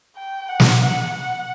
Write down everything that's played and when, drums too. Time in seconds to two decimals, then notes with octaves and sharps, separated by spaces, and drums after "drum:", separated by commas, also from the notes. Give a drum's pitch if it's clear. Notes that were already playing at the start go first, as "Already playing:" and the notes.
0.16 G5
0.49 F#5
0.60 drum: snare
0.81 F#5
1.14 F#5